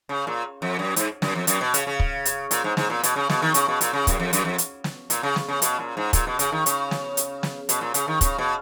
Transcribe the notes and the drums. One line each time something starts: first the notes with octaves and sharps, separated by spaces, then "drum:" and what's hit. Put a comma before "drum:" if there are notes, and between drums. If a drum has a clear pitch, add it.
C#3
A#2
F2
F#2
G#2, drum: hi-hat
F#2, drum: snare
F2
F#2, drum: hi-hat
B2
C#3, drum: hi-hat
C#3
drum: kick
drum: hi-hat
A#2, drum: hi-hat
G#2
G#2, drum: snare
A#2
B2, drum: hi-hat
C#3
B2, drum: snare
D#3
C#3, drum: hi-hat
B2
A#2, drum: hi-hat
C#3
F#2, drum: kick, hi-hat
F2
F#2, drum: hi-hat
F2
drum: hi-hat
drum: snare
A#2, drum: hi-hat
C#3
drum: snare
C#3
B2, drum: hi-hat
A#2
G#2
A#2, drum: kick, hi-hat
B2
C#3, drum: hi-hat
D#3
C#3, drum: hi-hat
drum: snare
drum: hi-hat
drum: snare
B2, drum: hi-hat
A#2
C#3, drum: hi-hat
D#3
C#3, drum: kick, hi-hat
B2